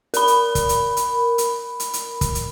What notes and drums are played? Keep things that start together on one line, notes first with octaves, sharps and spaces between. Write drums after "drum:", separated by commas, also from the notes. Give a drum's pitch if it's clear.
A#4 B5, drum: hi-hat
drum: hi-hat
drum: kick, hi-hat
drum: hi-hat
drum: hi-hat
drum: hi-hat
drum: hi-hat
drum: hi-hat
drum: kick, hi-hat
drum: hi-hat